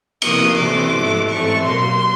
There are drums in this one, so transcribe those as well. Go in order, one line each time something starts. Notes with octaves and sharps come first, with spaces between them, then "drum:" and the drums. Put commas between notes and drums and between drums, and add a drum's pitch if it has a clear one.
C3 F3 A#3 D#6, drum: cymbal
C3 E3 A3 C4 D6
G#2 F3 A3
G#2 E3 A3 C4 C#6
B2 F#3 A#3 C6